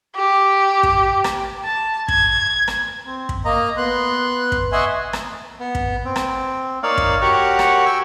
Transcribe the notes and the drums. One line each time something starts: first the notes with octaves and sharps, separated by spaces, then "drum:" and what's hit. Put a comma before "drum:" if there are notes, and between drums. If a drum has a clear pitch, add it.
G4
drum: kick
drum: rim click
A5
G#6, drum: kick
drum: rim click
C4
drum: kick
A#3 D#5 A#5
B3 C6 F#6
drum: kick
D#5 E5 F#5 G#5 C6 C#6
drum: rim click
B3
drum: kick
C4
drum: rim click
A#3 D#4 C#5 D5 F5
drum: kick
F#4 G4 A#4 C#5 F#5
drum: rim click
G5 G#5 C#6 E6